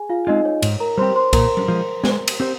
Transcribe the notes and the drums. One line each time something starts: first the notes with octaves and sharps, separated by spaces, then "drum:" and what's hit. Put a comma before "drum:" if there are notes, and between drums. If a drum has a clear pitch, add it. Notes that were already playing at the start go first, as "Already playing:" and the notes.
Already playing: G#4 G#5
F4 F5
G#3 C4 D#4 F4 D#5
C#5
G#2 C#5, drum: cymbal
A#4 A#5
G3 C4 G4 C5 C6
C5 C6
A#2 A#4 A#5, drum: kick, cymbal
drum: tom F#3
F3 G#3
G#3, drum: snare
drum: cymbal
C4 G4 C5